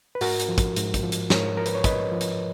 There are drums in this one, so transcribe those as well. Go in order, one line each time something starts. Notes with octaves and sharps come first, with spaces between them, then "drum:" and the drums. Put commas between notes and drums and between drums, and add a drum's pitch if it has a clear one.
B4
G#2 F#4 A#4, drum: open hi-hat
drum: hi-hat
F3
drum: kick, hi-hat
G#2, drum: hi-hat
drum: kick, hi-hat
F3
drum: hi-hat
G#2 A#4 C#5, drum: snare
F3 A#4
B4, drum: hi-hat
C#5
G#2 B4 D#5, drum: kick, hi-hat
F3
drum: hi-hat